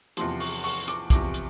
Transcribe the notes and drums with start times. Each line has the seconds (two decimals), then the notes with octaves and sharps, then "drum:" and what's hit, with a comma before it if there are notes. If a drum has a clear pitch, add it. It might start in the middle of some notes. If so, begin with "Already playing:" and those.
0.17 E2 C3 F3 C6, drum: hi-hat
0.40 C#6, drum: open hi-hat
0.64 C#6, drum: open hi-hat
0.88 D6, drum: hi-hat
1.10 E2 C3 F3 D6, drum: kick, hi-hat
1.34 drum: hi-hat